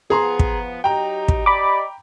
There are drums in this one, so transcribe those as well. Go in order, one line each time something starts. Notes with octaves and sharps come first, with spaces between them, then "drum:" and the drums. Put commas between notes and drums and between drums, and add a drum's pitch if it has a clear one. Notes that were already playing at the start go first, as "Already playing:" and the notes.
F3 B3 G#4 A#5 C6
drum: kick
F#3 D#4 G4 G5 A#5
drum: kick
G4 D5 D#5 B5 D6